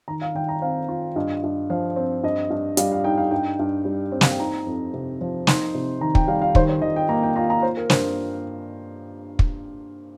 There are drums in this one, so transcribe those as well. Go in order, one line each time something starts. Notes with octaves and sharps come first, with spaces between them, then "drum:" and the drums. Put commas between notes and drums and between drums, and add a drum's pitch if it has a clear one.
D#3 A#5
F5
D#3 G5
A#5
C4 F5
F4
G2 D#5
G2
F3 F5
C4
G2 D#5
G2
G3 F5, drum: hi-hat
F5
D#4 G5
F5
G2 G5
G2
G3
C4
F5, drum: snare
G5
D#4 A#5
F2
C3
F3
D#4 C6, drum: snare
C3
D#3 A#5
G5, drum: kick
G3 F5
F5
D#3 C5, drum: kick
C5
D#3 D#5
G5
A#3 A#5
G5
F4 A#5
A#5
F4 C5
A#4
G2 C5, drum: snare
drum: kick